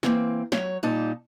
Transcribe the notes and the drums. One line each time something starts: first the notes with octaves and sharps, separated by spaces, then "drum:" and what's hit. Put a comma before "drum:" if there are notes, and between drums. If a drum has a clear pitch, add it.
E3 A#3 C4, drum: snare
F#3 C#5, drum: snare
A#2 G3 D#4 A5